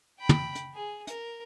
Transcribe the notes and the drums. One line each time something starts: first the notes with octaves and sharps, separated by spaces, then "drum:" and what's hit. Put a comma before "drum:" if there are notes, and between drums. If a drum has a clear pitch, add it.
G5 B5
drum: tom
drum: hi-hat
G#4
A#4, drum: hi-hat